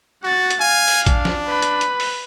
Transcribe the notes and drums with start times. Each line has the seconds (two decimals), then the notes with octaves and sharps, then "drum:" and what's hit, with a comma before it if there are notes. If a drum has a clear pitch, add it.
0.24 F#4 F#5 A6
0.50 drum: hi-hat
0.60 F5 G#5
0.88 drum: open hi-hat
1.06 D4, drum: kick A#1, hi-hat
1.25 drum: snare
1.47 B4 B5
1.62 drum: hi-hat
1.81 drum: hi-hat
2.00 drum: open hi-hat